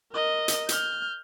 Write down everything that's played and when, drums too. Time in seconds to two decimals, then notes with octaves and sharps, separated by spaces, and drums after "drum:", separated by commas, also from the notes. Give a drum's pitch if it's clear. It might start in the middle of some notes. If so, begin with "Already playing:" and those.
0.12 A#4 D#5
0.48 drum: hi-hat
0.69 F6 G6, drum: hi-hat